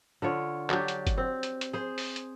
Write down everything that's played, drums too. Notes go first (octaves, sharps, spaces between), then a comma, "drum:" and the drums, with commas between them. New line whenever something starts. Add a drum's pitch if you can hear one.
D3 F4 C#5
F#3 D4 G4, drum: clap
drum: hi-hat
drum: kick, hi-hat
C4
drum: hi-hat
drum: hi-hat
G#4 C5
drum: open hi-hat
drum: hi-hat